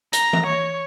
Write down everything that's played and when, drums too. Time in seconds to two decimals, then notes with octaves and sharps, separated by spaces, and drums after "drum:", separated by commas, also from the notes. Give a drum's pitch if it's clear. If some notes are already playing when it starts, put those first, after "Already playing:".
0.13 A#5, drum: hi-hat
0.33 drum: tom E3
0.47 C#5